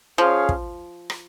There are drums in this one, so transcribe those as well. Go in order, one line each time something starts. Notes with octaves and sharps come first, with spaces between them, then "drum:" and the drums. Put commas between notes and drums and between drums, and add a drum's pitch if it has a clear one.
F3 C#4 G#4 C#5 F5
drum: kick
drum: rim click